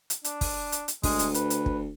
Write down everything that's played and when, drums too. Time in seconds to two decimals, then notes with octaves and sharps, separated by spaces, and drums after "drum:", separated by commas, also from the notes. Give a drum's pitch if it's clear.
0.10 drum: hi-hat
0.24 D4, drum: hi-hat
0.41 drum: kick, open hi-hat
0.72 drum: hi-hat
0.88 drum: hi-hat
1.03 D2 G#3, drum: kick, open hi-hat
1.19 drum: hi-hat
1.34 B4, drum: hi-hat
1.50 drum: hi-hat
1.66 drum: kick